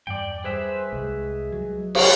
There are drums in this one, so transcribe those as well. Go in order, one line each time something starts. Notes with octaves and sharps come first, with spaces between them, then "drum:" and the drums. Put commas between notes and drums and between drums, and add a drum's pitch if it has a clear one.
E2 G2 D5 G5
G3 G#4 B4 C5 E5
C2 G#3
F#3
drum: cymbal